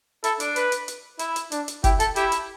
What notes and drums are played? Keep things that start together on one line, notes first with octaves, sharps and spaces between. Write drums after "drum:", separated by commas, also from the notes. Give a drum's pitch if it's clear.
E4 A4, drum: hi-hat
D4, drum: hi-hat
B4, drum: hi-hat
drum: hi-hat
drum: hi-hat
E4, drum: hi-hat
drum: hi-hat
D4, drum: hi-hat
drum: hi-hat
E4 G4, drum: kick, hi-hat
A4, drum: hi-hat
E4 G4, drum: hi-hat
drum: hi-hat